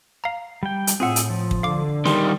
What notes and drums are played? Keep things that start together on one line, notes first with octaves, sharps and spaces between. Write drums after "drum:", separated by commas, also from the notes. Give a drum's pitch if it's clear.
F5 A#5
G3 G5
drum: hi-hat
A2 C4 F4 G#4 E5 F#5
drum: hi-hat
F3
drum: kick
D3 F5 D6
D#3 G3 C6, drum: snare